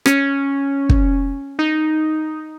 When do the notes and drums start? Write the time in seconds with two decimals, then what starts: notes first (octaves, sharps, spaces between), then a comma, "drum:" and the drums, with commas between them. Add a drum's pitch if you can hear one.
0.06 C#4, drum: rim click
0.89 drum: kick
1.59 D#4